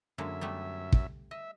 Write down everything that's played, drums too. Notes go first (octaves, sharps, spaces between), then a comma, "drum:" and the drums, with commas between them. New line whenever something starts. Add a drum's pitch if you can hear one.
F#2 D3 G#3 A#3 E5
G3 A3 B3
drum: kick
D#5 E5